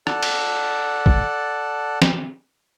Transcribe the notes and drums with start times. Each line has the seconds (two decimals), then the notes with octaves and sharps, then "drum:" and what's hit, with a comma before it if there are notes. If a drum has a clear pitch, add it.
0.07 A4 D5 F#5 A5, drum: rim click
0.23 drum: cymbal
1.06 drum: kick
2.02 drum: snare